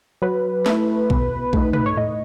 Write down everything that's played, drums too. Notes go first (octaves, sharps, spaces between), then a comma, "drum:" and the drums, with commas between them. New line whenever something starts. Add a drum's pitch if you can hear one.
F#3 B4
A3 E4, drum: snare
B2, drum: kick B1
A3 D#4, drum: kick B1
B4, drum: tom
C#5
A2 D#5